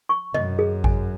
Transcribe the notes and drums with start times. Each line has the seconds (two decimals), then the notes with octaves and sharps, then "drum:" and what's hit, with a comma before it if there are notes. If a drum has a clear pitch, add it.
0.09 C#6
0.34 F#2 D#5, drum: tom B2
0.59 G#4
0.84 G#5, drum: kick G#1